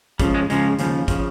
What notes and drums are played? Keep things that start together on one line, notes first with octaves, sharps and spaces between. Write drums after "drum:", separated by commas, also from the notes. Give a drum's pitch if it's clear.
C#2 C#3 F3 G3, drum: kick, hi-hat
G#3
C#2 C#3 F3 G#3, drum: hi-hat
D#2 C#3 F3, drum: hi-hat
C#3 F3, drum: kick, hi-hat